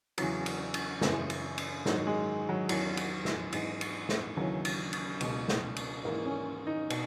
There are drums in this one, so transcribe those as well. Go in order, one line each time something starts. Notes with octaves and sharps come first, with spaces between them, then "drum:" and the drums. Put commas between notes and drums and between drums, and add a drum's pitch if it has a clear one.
E2 C#3 E3 F#3, drum: cymbal
drum: cymbal
drum: cymbal
F#2 C#3 E3, drum: snare
drum: cymbal
drum: cymbal
G#2 D#3 F#3, drum: snare
G#3
F#3
E2 D#3 F#3, drum: cymbal
drum: cymbal
drum: snare
G#2 E3, drum: cymbal
drum: cymbal
drum: snare
D#2 C#3 E3 F#3
drum: cymbal
drum: cymbal
C#2 B2, drum: cymbal
drum: snare
drum: cymbal
G#2 E3 A#3
C#4
D#4
B2, drum: cymbal